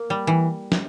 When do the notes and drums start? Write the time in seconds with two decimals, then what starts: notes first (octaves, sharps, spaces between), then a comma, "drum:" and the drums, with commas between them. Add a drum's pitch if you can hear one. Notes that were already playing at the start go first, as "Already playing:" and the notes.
Already playing: A#3
0.10 G3
0.27 E3
0.72 drum: snare